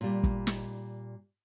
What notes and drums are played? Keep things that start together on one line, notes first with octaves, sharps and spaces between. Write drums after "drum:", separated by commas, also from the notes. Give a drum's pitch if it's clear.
A#2 G3
drum: kick
drum: snare